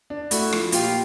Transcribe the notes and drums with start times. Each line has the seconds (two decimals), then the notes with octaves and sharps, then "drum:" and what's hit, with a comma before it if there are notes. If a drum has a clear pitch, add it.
0.10 D4
0.31 A3 E4 F#4, drum: hi-hat
0.53 F3, drum: rim click
0.72 A#2 F4 G4, drum: hi-hat